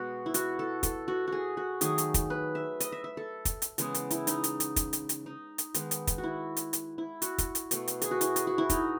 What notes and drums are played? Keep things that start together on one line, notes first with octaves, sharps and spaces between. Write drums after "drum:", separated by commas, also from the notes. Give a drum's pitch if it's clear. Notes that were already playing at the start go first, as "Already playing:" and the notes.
Already playing: B2 G#3 B3 F#4
E4
F#4, drum: hi-hat
A4
A4, drum: kick, hi-hat
F#4
F#4 G#4
F#4
D#3 F#3 A3 G#4, drum: hi-hat
drum: hi-hat
drum: kick, hi-hat
B4
E5
D#5, drum: hi-hat
E5
E5
A4
drum: kick, hi-hat
drum: hi-hat
C#3 E3 G#3 B3 G#4, drum: hi-hat
drum: hi-hat
E4, drum: hi-hat
D#4, drum: hi-hat
drum: hi-hat
drum: hi-hat
drum: kick, hi-hat
drum: hi-hat
drum: hi-hat
D#4
drum: hi-hat
D#3 G#3 B3, drum: hi-hat
drum: hi-hat
drum: kick, hi-hat
F#4
E4
drum: hi-hat
drum: hi-hat
E4
F#4, drum: hi-hat
drum: kick, hi-hat
drum: hi-hat
B2 A3, drum: hi-hat
drum: hi-hat
G#4, drum: hi-hat
F#4
E4, drum: hi-hat
G#4, drum: hi-hat
F#4
E4
D#4, drum: kick, hi-hat